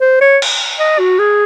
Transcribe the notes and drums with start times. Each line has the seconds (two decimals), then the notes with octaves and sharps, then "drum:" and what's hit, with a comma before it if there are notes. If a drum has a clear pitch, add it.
0.01 C5
0.21 C#5
0.42 drum: cymbal
0.79 D#5
0.99 F#4
1.19 G#4